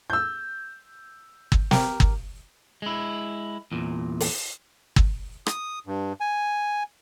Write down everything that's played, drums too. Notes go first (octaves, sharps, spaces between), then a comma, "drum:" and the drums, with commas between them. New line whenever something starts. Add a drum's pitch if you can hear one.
E6 G6
drum: kick
G4 A#4, drum: snare
drum: kick
G#3 E4
E2 A#2
drum: open hi-hat
drum: kick
D#6, drum: rim click
G2
G#5